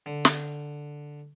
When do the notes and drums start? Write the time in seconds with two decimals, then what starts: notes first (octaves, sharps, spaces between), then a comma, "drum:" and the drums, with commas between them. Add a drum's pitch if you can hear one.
0.06 D3
0.25 drum: snare